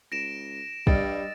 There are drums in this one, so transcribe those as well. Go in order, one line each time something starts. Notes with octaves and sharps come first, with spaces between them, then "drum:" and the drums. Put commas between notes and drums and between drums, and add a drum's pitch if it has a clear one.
C#2 A#6 D7 E7
G2 G3 D#5 E6 F6 A6 D7, drum: kick